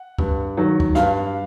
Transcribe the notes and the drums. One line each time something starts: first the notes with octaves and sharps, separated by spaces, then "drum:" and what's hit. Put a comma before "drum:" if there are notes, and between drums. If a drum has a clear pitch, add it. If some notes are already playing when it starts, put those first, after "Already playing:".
Already playing: F#5
G2, drum: kick
D#3 F#3
drum: kick
G2 F5, drum: snare